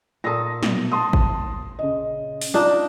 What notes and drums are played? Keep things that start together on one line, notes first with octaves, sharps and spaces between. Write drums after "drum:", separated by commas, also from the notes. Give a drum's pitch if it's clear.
A#2 A4 D#6 A#6
B2, drum: snare
A5 C6 D#6
drum: kick G#1
C#3 D#5
drum: open hi-hat
D4 D#4 F4 D5